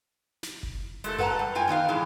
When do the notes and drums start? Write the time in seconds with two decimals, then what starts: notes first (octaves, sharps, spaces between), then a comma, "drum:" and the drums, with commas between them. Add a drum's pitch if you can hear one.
0.43 drum: snare
0.63 drum: kick F#1
1.04 G#3 A3 A4, drum: hi-hat
1.18 A4 B4 F#5 G5 A5 A#5, drum: tom F#2
1.39 G3
1.55 A3 F4 G5 G#5
1.68 D#3 B3 D#5 F5
1.89 A2 E3 G#3